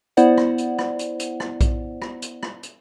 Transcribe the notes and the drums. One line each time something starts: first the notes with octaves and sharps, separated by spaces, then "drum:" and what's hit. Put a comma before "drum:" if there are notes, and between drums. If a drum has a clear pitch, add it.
B3 E4 C5 D5 F#5, drum: hi-hat
drum: rim click
drum: hi-hat
drum: rim click
drum: hi-hat
drum: hi-hat
drum: rim click
drum: kick A#1, hi-hat
drum: rim click
drum: hi-hat
drum: rim click
drum: hi-hat